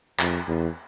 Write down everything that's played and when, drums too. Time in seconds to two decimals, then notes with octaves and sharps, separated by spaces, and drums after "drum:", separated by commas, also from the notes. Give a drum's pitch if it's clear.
0.19 F2, drum: clap
0.48 E2